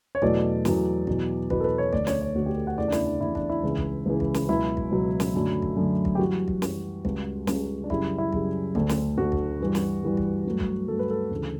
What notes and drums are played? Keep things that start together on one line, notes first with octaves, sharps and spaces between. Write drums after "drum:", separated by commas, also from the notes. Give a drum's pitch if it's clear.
C#5
E2 B2 F#3 A3 D5, drum: kick
E2 B2 F#3 A3, drum: snare
E2 B2 F#3, drum: kick
E2 B2 F#3 B4, drum: kick
A4
B4
C#5
D2 D3 A3 D5, drum: kick
C#5, drum: snare
C#5
D2 D3 A3 F#4
G4
A4
F#5
E2 C#3 E3 A3 D5
D4
E4, drum: snare
D4
E2 C#3 E3 A3 E4
D4, drum: kick
E4
C#2 C#3 E3
drum: kick
C#2 C#3 E3
drum: kick
drum: snare
C#2 B2 F#3 E4
drum: kick
C#2 B2 F#3
drum: snare
F#2 D3 F#3 A3
drum: kick
F#2 D3 F#3 A3
drum: kick
G4
F#2 E3 G3 F#4
drum: kick
F#2 E3 G3, drum: snare
C#2 C#3 G3, drum: kick
C#2 C#3 G3, drum: snare
D4
F#2 C#3 G3 E4, drum: kick
E4
F#2 C#3 G3, drum: kick
D2 D3 A3, drum: kick
drum: snare
D2 D3 A3 F#4
drum: kick
G2 E3 G3
drum: snare
G2 E3 G3
drum: kick
G2 F#3 A3
drum: kick
G2 F#3 A3 A4
B4
A4
D2 C#3 E3